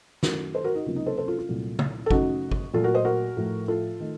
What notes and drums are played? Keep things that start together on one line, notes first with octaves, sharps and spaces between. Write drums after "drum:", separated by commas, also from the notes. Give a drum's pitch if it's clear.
F#2 D#3 A3 F#4 A#4, drum: snare
A4 C5
F#4 A#4
D#4 F#4
C#2 C3 F#3 A#3 F4
D#4
A4 C5
A4 C5
F4 A4
F4
C2 A#2 F#3 A3
drum: tom
A4
F#2 C#3 F#3 A3 D#4 F#4, drum: kick G1
drum: kick G1
A#2 F#3 A3 F4 A4
F#4 A#4
C5 D#5
F#4 A#4
A2 F3 A3
F4 A4
D#3 A3